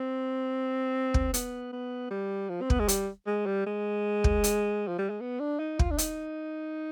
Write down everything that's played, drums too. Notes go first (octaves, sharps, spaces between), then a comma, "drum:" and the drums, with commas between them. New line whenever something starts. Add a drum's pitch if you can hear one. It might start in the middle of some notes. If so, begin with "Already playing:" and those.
Already playing: C4
drum: kick
B3, drum: hi-hat
B3
G3
F3
C4
B3, drum: kick
G#3
G3, drum: hi-hat
G#3
G3
G#3
drum: kick
drum: hi-hat
F3
G3
G#3
B3
D4
D#4
F4, drum: kick
D4
D#4, drum: hi-hat